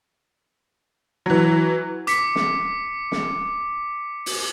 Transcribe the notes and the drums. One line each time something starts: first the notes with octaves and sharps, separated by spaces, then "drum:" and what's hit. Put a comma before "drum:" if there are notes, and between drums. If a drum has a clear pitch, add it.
E3 F#3
D6 B6 C#7, drum: hi-hat
drum: snare
drum: snare
drum: open hi-hat